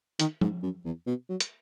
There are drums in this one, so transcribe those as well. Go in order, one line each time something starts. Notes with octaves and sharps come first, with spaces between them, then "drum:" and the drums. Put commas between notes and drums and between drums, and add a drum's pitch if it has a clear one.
D#3, drum: hi-hat
G#2, drum: tom F3
F#2
E2
B2
F#3
drum: hi-hat